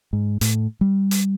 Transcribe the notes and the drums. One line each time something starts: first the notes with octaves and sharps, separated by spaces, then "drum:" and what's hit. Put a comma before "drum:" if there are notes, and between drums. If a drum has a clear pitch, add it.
G#2
A2, drum: hi-hat
G3
drum: hi-hat